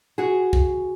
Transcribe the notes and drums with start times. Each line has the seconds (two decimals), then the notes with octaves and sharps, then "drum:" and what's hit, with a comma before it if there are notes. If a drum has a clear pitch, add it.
0.18 F#4 G#4
0.53 drum: kick